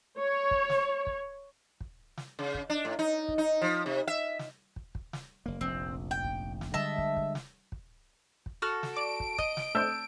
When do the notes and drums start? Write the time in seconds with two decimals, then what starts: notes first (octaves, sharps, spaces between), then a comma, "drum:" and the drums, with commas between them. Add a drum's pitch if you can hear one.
0.19 C#5
0.51 drum: kick
0.70 drum: snare
1.07 drum: kick
1.81 drum: kick
2.17 drum: snare
2.39 C#3
2.54 drum: kick
2.70 D4
2.85 A2
2.99 D#4
3.28 drum: kick
3.38 D#4
3.62 F3
3.86 C3
4.08 E5
4.39 drum: snare
4.76 drum: kick
4.95 drum: kick
5.13 drum: snare
5.46 F#1 A#3
5.61 F1 A#1 C4
6.11 G5
6.24 drum: kick
6.61 drum: snare
6.74 D3 G3 G#3 D#5 E5 A5
6.98 drum: kick
7.17 drum: kick
7.35 drum: snare
7.72 drum: kick
8.46 drum: kick
8.62 F#4 A4 F6
8.83 drum: snare
8.96 D5 D7
9.20 drum: kick
9.38 D#5, drum: kick
9.57 drum: snare
9.75 A3 C4 D4 A5 E6 G6